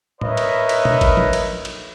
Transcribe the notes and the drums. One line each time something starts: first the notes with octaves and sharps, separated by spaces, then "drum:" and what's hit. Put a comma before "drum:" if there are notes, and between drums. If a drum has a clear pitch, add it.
A#4 B4 C#5 D#5 E5, drum: tom A2
drum: cymbal
drum: cymbal
drum: tom B2
drum: kick, cymbal
drum: tom
drum: cymbal
drum: cymbal